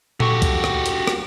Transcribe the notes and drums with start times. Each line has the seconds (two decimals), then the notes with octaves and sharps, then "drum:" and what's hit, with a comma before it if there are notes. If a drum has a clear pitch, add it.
0.20 F#4 G4 A4 C#6, drum: tom A#2
0.42 drum: kick C2, hi-hat
0.64 drum: rim click
0.86 drum: hi-hat
1.07 drum: rim click